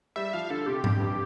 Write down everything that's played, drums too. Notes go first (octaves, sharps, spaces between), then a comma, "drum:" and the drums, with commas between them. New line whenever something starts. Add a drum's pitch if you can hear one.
G3 E5
F3 F5
D3 A4
C3 G4
F2, drum: tom G#2
G2